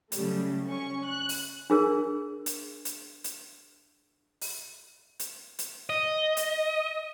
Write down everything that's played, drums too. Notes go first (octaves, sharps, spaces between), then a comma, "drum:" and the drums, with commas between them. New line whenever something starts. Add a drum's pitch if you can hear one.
C#3 F#3 G3 A3, drum: hi-hat
C#4 C#6
F#6
drum: open hi-hat
D4 G#4 A#4
drum: hi-hat
drum: hi-hat
drum: hi-hat
drum: open hi-hat
drum: hi-hat
drum: hi-hat
D#5
drum: hi-hat